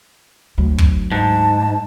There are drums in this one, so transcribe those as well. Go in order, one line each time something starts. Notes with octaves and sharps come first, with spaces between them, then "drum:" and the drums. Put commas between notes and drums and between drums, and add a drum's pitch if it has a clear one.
D2 F#3
drum: kick
G#2 A5